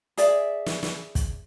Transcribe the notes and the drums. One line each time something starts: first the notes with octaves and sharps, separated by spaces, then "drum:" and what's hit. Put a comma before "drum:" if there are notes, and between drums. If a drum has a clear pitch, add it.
G#4 D5 E5, drum: hi-hat
drum: snare
drum: snare
drum: kick, hi-hat